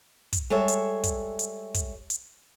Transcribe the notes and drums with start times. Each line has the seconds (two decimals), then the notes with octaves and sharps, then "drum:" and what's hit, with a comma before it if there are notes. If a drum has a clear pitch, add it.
0.33 drum: kick, hi-hat
0.50 G3 G#3 A4 C#5 E5
0.68 drum: hi-hat
1.03 drum: kick, hi-hat
1.39 drum: hi-hat
1.74 drum: kick, hi-hat
2.10 drum: hi-hat